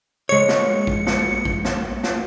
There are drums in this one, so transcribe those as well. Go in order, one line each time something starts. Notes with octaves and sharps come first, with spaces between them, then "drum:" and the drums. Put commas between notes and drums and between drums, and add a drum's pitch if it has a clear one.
G#3 C#5 C#7
drum: snare
drum: kick A1
drum: snare
drum: kick A1
drum: snare
drum: snare